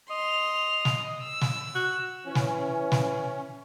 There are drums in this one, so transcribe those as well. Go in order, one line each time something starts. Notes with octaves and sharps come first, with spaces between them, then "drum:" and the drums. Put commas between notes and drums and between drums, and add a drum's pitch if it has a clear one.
D#5 C6 F7
drum: snare
E6
drum: snare
F#4
E3 C#4
drum: snare
drum: snare